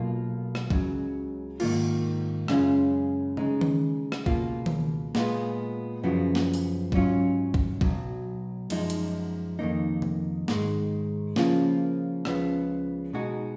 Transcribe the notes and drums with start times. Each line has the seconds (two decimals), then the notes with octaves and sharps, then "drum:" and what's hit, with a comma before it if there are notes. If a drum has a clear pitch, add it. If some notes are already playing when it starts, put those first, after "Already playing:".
Already playing: B1 B2 A#3 F4
0.55 drum: rim click
0.70 C#2 C#3 F#3, drum: kick
1.60 G#2 D#3 A#3 F4, drum: cymbal
2.48 F#2 C#3 G#3 C#4 F4, drum: rim click
3.37 C#3 G#3 D#4, drum: tom C3
3.61 drum: tom D#3
4.12 drum: rim click
4.26 C#2 B2 A#3 F4, drum: kick
4.66 drum: tom D#3
5.15 A#2 G#3 B3 F4, drum: snare
6.03 F#2 C#3 F3 B3 F#4
6.35 drum: snare
6.54 drum: open hi-hat
6.92 G#2 F#3 C#4 F4, drum: kick
7.54 drum: kick
7.81 B1 B2 F#3, drum: kick
8.70 F#2 F3 G#3 D#4, drum: cymbal
8.90 drum: hi-hat
9.59 F2 D#3 A#3 D#4
10.02 drum: tom C3
10.48 G#2 D#3 G#3, drum: snare
11.36 C#3 F3 A#3 F4, drum: snare
12.25 C#2 C#3 F3 B3, drum: rim click
13.13 B2 G#3 D#4 F#4